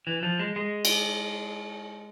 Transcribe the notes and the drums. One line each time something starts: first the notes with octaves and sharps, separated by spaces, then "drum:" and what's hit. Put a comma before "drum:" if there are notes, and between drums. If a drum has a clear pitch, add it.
E3
F3
G#3
G#3
drum: cymbal